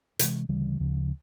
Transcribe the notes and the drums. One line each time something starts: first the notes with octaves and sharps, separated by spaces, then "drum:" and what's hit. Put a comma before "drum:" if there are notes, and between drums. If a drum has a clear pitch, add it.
C3 E3 G#3, drum: hi-hat
D2 C#3 E3 G3
D2 C#3 F3